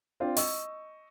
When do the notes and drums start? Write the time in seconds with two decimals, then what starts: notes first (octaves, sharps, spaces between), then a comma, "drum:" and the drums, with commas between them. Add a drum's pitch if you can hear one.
0.20 C4 D4 F4 D5 G5
0.37 D#5 C#6 E6, drum: open hi-hat